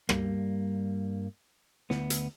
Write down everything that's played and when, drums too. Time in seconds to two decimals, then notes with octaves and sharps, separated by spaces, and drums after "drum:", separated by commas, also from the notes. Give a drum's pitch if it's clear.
0.09 G2 G3 A#3, drum: rim click
1.90 D2 B3, drum: snare
2.10 drum: hi-hat